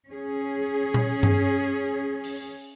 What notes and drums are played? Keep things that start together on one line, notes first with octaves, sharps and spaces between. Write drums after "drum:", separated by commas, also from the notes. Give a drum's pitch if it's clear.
C#4 G#4
drum: tom A#2
drum: tom G2
drum: open hi-hat